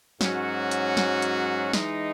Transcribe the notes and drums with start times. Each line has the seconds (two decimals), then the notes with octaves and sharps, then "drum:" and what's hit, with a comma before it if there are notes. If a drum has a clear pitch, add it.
0.21 G#2 F#3 C#4 F#4, drum: snare
0.71 drum: hi-hat
0.97 drum: snare
1.22 drum: hi-hat
1.73 E3 G#3 D#4, drum: snare